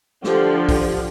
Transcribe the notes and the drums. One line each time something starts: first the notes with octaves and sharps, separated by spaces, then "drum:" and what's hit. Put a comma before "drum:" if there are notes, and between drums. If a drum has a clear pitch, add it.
D3 F3 G4, drum: snare
drum: kick, open hi-hat